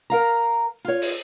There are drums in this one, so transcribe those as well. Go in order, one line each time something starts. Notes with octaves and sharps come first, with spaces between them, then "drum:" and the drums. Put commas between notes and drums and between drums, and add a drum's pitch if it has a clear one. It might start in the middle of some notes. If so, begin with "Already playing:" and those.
A#4 F5 A#5
F4 C#5
drum: open hi-hat